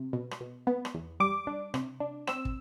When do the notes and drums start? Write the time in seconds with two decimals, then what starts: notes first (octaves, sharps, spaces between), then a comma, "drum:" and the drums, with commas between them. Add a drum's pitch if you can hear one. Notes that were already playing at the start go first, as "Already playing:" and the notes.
Already playing: C3
0.13 B2
0.31 drum: rim click
0.41 B2
0.67 B3
0.85 drum: rim click
0.94 E2
1.20 G3 D6
1.47 D4
1.74 C3, drum: rim click
2.00 D4
2.27 C4 E6, drum: rim click
2.45 drum: kick